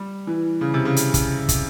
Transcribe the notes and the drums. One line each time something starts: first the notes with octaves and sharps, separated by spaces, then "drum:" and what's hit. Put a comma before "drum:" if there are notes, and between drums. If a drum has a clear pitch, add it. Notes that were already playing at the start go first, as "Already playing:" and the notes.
Already playing: G3
E3
C#3
C3
C#3
drum: hi-hat
drum: kick, hi-hat
drum: kick, hi-hat